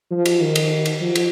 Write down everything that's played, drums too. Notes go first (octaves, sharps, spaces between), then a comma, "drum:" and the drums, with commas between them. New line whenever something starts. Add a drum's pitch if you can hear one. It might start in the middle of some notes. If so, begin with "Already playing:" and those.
F3
drum: cymbal
D#3
drum: cymbal
drum: cymbal
F3
drum: cymbal